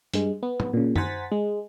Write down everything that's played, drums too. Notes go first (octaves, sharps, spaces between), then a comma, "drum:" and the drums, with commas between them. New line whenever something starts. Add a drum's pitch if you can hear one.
G2 G#3, drum: hi-hat
B3
drum: tom
A#2 C#3
C5 F#5 G#5 A#5 A6 B6, drum: tom F#2
G#3